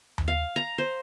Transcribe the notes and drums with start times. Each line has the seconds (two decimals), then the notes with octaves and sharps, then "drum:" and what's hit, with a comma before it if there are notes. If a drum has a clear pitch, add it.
0.18 drum: tom D#2
0.28 F5
0.56 A#5
0.78 C5